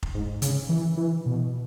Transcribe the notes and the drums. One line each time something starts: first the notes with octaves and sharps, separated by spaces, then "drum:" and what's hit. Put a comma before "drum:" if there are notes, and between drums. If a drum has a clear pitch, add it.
drum: kick F1
G#2
C#3, drum: hi-hat
E3
E3
B2